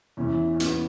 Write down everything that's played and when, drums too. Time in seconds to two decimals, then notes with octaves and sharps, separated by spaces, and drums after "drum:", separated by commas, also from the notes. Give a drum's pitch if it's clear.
0.17 E2 E3 C#4
0.54 C#4
0.60 B3, drum: hi-hat